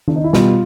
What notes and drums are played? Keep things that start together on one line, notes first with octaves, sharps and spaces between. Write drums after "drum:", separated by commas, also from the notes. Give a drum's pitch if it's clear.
D4, drum: tom D#3
D#4
E4
B2 G3 F4, drum: snare